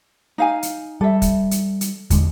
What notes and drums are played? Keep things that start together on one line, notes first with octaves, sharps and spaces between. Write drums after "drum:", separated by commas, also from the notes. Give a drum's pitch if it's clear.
D#4 F5 G#5
drum: hi-hat
G3 A4 E5
drum: kick, hi-hat
drum: hi-hat
drum: hi-hat
E2 D3 G#3, drum: kick, hi-hat